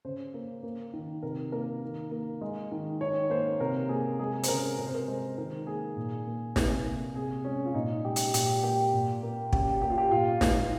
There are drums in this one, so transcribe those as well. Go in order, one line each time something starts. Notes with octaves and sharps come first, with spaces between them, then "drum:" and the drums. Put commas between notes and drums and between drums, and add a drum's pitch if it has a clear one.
C#3 C5
A#3
A#3
D#3
C3 A#4
A#3 A#4
D#3
A#3
G#3
D#3
D#3 C#5
A#3 C5
C3 A#4
A#3 G#4
G#3 G#4
C5, drum: hi-hat
C#3 A#4
C3 A#4
C5
A#4
G#3 C5
D#3 A#4
A#3 G#4
A#2
A#3
C3, drum: snare
A#3
C3 G#4
G#3 C#4
F4
A#2 D#4
G#3 G4
drum: hi-hat
A#2 G4, drum: hi-hat
A#3 G4
A#2
A#3
C#3 G4, drum: kick
A#3 G4
F4
G4
A#2 F4
G#3 D#4, drum: snare